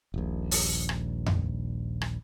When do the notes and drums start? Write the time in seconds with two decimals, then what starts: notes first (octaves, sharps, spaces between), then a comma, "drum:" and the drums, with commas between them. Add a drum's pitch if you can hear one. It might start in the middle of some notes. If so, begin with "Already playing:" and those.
0.14 D#1 A#1
0.51 drum: open hi-hat
0.89 drum: rim click
1.26 drum: tom F2
2.01 drum: rim click